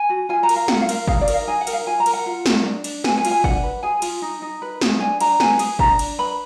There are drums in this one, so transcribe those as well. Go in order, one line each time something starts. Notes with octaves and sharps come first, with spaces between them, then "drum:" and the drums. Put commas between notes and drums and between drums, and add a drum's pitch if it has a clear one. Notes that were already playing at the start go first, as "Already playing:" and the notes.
Already playing: G#5
F#4
F4 G#5
A#5
A#4, drum: cymbal
F5
F4 F#5, drum: snare
F5
A#4, drum: cymbal
D#4 F5, drum: kick
D5
A#4, drum: cymbal
F5
D#4 G#5
F#5
A#4, drum: cymbal
F5
F4 G#5
A#5
A#4, drum: cymbal
F#5
F4
A#4, drum: snare
D4
D4, drum: cymbal
B4 G#5, drum: snare
G#5
F4, drum: cymbal
G#5
D4 F#5, drum: kick
B4
G#4 G#5
F4, drum: cymbal
D#4
D#4
B4
G#4, drum: snare
D4 G#5
D4 A#5, drum: cymbal
B4 G#5, drum: snare
G#4, drum: cymbal
D4 A#5, drum: kick
D4, drum: cymbal
B4 B5